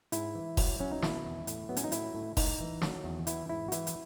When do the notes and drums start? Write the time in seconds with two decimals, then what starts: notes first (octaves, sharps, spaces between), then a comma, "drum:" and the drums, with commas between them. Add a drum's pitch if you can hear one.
0.12 G#2 E4, drum: hi-hat
0.35 E3
0.57 F#3, drum: kick F1, open hi-hat
0.80 F#3 C#4
0.91 D#4
1.02 B2 E4, drum: snare
1.25 E2
1.47 A2, drum: hi-hat
1.69 F#3 B3
1.77 C#4, drum: hi-hat
1.84 D#4
1.92 A2 E4, drum: hi-hat
2.15 A2
2.37 A2 D#4, drum: kick F1, open hi-hat
2.60 E3
2.82 F#3, drum: snare
3.04 E2
3.27 E3 E4, drum: hi-hat
3.49 G#2 E4
3.68 F#4
3.72 E3 E4, drum: hi-hat
3.87 drum: hi-hat